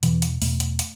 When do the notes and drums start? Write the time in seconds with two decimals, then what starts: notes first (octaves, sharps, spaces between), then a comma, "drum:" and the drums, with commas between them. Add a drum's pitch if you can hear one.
0.03 E2 B2 E3, drum: hi-hat
0.22 drum: hi-hat
0.42 E2 B2 A3, drum: open hi-hat
0.60 drum: hi-hat
0.79 drum: hi-hat